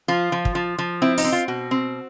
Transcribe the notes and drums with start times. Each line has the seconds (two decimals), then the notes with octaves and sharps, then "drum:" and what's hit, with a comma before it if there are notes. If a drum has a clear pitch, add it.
0.08 F3 F4
0.32 F3
0.45 drum: kick
0.55 F3
0.78 F3
1.02 C4 E4
1.18 D#4, drum: open hi-hat
1.24 C4
1.32 F4
1.48 B2 F#4
1.71 C4